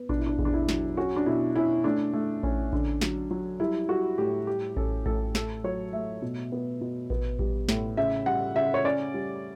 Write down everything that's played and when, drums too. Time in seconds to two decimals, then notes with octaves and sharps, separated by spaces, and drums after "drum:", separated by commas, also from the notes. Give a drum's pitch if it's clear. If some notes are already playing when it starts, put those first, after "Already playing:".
Already playing: B3
0.09 B2 D4, drum: kick A1
0.19 E4
0.26 D4
0.39 E2, drum: kick A1
0.45 D4
0.54 E4
0.69 F#3, drum: snare
0.97 C#4 F#4
1.16 D4
1.26 B2 E4
1.56 C#4 E4
1.84 A3 D4
2.13 A3
2.43 C#4, drum: kick A1
2.73 D3, drum: kick A1
3.01 F#3, drum: snare
3.31 F#3
3.60 G3 E4
3.89 G3 F#4
4.18 A2 G4
4.47 G3 G4
4.77 C#4 A4, drum: kick A1
5.06 A2 A4, drum: kick A1
5.35 A3 A4, drum: snare
5.64 F#3 C#5
5.93 A3 E5
6.22 B2
6.52 B3
6.81 B2
7.10 B3, drum: kick A1
7.39 G3, drum: kick A1
7.69 A2, drum: snare
7.97 C#3 E5
8.26 G3 F#5
8.56 C#3 E5
8.74 C#5
8.85 C#4 D5
9.14 G3